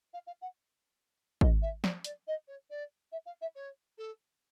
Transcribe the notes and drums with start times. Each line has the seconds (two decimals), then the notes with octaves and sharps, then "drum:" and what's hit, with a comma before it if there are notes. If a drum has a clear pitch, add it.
0.13 F5
0.27 F5
0.41 F#5
1.41 D#5, drum: kick
1.62 E5
1.84 D5, drum: snare
2.04 D5, drum: hi-hat
2.27 D#5
2.47 C#5
2.70 D5
3.12 E5
3.26 F5
3.41 E5
3.55 C#5
3.98 A4